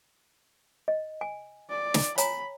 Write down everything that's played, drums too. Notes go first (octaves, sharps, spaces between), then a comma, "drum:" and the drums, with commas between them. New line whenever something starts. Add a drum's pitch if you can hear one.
D#5
G#5
D5
drum: snare
C#5 G#5 A#5 B5, drum: hi-hat